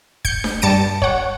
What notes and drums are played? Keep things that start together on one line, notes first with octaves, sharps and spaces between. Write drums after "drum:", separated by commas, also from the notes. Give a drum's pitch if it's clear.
G6 C#7, drum: kick
drum: snare D4
G2 A5 C#7 D7
C#5 F#5, drum: kick